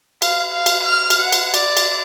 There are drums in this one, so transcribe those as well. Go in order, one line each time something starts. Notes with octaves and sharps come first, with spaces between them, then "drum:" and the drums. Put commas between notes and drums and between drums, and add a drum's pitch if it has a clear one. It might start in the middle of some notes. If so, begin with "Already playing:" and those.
F5, drum: cymbal
F5
drum: cymbal
F6
drum: cymbal
F#5
drum: cymbal
D5, drum: cymbal
drum: cymbal